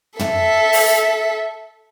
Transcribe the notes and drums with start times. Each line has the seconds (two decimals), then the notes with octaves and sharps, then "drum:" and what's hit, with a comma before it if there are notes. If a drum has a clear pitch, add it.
0.19 A4 E5, drum: tom
0.73 drum: open hi-hat